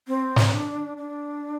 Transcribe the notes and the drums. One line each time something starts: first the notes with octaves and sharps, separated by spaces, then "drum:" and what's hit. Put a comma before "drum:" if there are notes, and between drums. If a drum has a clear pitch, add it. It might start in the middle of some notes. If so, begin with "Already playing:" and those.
C4
drum: snare
D4
D4